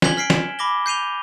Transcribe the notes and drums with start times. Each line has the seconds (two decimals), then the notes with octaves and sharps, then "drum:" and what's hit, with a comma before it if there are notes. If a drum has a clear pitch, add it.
0.02 G#5 F#6 G#6 B6 F#7 G7, drum: snare
0.17 F6 B6 C7 D7
0.30 E7, drum: snare
0.59 B5 D6 A#6 G7
0.86 G6 C7 D#7 F7 G7